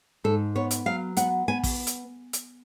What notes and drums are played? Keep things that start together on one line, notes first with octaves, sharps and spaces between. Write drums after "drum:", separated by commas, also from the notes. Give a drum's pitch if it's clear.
G#2 A4
B3 C#5
drum: hi-hat
F#3 F5
B3 F#5, drum: hi-hat
B3 G#5
drum: kick, open hi-hat
drum: hi-hat
drum: hi-hat